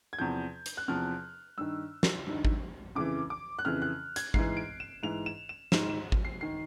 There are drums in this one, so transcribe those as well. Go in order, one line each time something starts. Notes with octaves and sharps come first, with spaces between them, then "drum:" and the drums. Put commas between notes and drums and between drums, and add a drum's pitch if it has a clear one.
G#6
E2 C3 F3 G6
drum: hi-hat
F#6
E2 C3 F3 F6
G2 D#3 E6
drum: snare
G2 D#3
drum: kick G#1
F2 C#3 E3 D6
D6
F#6
F2 C#3 E3 F6
F#6
G#6, drum: hi-hat
G#2 E3 C7, drum: kick G#1
D7
E7
G#2 E3 F7
E7
E7
G#2 D#3 E7, drum: snare
E7
drum: kick G#1
C7
D#3 C7